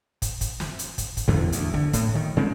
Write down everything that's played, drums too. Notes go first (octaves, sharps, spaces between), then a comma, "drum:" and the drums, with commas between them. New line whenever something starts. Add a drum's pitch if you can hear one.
drum: kick, hi-hat
drum: kick, hi-hat
drum: snare
drum: hi-hat
drum: kick, hi-hat
drum: kick, hi-hat
E2 D3
D2, drum: hi-hat
D3, drum: kick
A2, drum: kick, hi-hat
D#3
C#3 G#3 C4